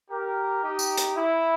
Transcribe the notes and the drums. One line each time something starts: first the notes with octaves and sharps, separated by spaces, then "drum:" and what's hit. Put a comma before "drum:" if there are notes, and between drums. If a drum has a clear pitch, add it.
G4 A#4
D#4 G4
drum: tambourine
drum: hi-hat
E4